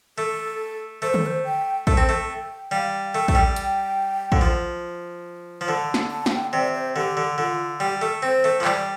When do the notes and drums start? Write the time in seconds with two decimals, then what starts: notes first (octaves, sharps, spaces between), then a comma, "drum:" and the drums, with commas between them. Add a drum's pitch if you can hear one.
0.18 A3 A4
1.02 A3 C5
1.14 A4, drum: tom
1.26 C5
1.44 G5
1.87 A3 A5, drum: kick
1.97 C4
2.09 A3
2.29 G5
2.71 G3 F5
3.14 A3 G5
3.28 A3, drum: kick
3.35 G3
3.56 G5, drum: hi-hat
4.32 D3, drum: kick
4.41 F3
5.61 F3
5.68 D3 A5
5.94 drum: snare
6.10 A5
6.26 F5, drum: snare
6.31 G5
6.53 C3 D5
6.74 C5
6.96 D3 G4
7.17 D3
7.37 D3 F4
7.80 G3 G4
8.01 A3 A4
8.22 C4 C5
8.44 A3
8.60 F3
8.65 G3 D5, drum: clap